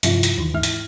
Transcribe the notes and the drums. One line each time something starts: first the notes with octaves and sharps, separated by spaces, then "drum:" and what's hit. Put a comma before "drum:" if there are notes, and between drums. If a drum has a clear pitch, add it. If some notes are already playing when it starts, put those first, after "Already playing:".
G2 C3 F3 E4 F4, drum: hi-hat
drum: hi-hat
D#2 D#3 E3
G#2 E4 F6
drum: hi-hat